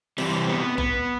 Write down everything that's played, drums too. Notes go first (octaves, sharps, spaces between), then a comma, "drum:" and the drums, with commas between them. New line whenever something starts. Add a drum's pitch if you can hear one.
C3 E3 G3 C4, drum: cymbal
B3
B3, drum: kick